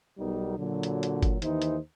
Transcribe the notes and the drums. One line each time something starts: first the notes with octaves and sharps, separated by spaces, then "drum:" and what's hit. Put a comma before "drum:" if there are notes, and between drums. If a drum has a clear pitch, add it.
B1 G3 B3 D#4 A#4
A#2 D3 F#3
drum: hi-hat
drum: hi-hat
drum: kick G1, hi-hat
D#2 D#3 E3 D#4 C5, drum: hi-hat
drum: hi-hat